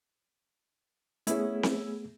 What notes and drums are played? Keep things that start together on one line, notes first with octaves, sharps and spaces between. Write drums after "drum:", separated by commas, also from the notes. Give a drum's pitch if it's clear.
A3 B3 C#4 E4 G#4, drum: hi-hat
drum: snare C4